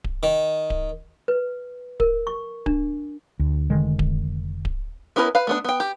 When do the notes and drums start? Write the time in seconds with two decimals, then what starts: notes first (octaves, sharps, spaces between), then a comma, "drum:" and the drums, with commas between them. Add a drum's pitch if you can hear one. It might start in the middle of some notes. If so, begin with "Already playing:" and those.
0.04 drum: kick D1
0.23 D#3
0.70 drum: kick D1
1.28 B4
2.00 A#4, drum: kick D1
2.27 C#6
2.66 D4, drum: kick D1
3.39 D2
3.70 F1 D3 D#3 G#3
3.99 drum: kick D1
4.65 drum: kick D1
5.16 B3 C#4 E4 A#4 B4
5.35 B4 F5
5.47 A3 B3 D4
5.64 B3 G5
5.80 G4